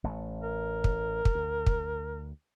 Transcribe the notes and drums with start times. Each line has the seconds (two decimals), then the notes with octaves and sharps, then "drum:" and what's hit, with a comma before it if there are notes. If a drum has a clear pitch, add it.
0.04 A1 A3
0.43 A#4
0.84 drum: kick
1.25 drum: kick
1.35 D2
1.66 drum: kick